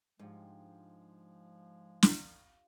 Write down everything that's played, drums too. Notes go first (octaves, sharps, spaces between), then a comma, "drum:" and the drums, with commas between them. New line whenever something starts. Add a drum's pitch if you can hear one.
G#2 F3 G#3 D4 F4 G4
drum: snare